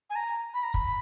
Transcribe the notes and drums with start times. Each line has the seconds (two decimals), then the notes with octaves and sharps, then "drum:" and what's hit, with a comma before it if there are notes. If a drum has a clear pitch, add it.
0.10 G#5
0.16 A#5
0.54 B5
0.63 A#5
0.74 B5, drum: kick